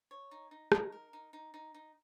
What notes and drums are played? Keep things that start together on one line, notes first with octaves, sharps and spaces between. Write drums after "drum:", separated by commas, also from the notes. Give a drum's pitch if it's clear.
C#5
D#4
D#4
D#4, drum: rim click
A#4
D#4
D#4
D#4
D#4